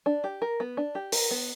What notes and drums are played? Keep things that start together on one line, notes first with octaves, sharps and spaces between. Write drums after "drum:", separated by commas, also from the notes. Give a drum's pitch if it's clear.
D4
G4
A#4
B3
D4
G4
A#4, drum: open hi-hat
B3